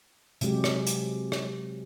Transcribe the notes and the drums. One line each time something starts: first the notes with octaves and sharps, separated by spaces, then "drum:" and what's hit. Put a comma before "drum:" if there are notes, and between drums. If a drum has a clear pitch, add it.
C3 F#3 G#3 G4, drum: hi-hat
drum: rim click
drum: hi-hat
drum: rim click